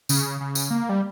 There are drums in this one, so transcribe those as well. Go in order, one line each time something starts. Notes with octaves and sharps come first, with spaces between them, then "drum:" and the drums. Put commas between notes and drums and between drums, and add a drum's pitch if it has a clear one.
C#3, drum: tambourine
C#3
drum: tambourine
A#3
G3